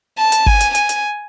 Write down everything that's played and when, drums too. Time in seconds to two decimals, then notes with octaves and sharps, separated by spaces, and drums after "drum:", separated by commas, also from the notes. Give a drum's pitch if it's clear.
0.18 A5
0.32 drum: hi-hat
0.46 G#5, drum: kick G#1
0.61 drum: hi-hat
0.75 G#5, drum: hi-hat
0.89 drum: hi-hat